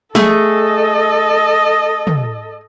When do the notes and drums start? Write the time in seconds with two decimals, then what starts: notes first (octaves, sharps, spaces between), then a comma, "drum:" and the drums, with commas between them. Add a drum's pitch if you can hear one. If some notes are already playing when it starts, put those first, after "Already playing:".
0.15 A3 G#4 A4 D#5, drum: snare
2.07 drum: tom